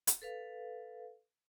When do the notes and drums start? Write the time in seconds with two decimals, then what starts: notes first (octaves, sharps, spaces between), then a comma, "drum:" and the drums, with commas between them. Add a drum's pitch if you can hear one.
0.07 drum: hi-hat
0.22 A4 B4 F5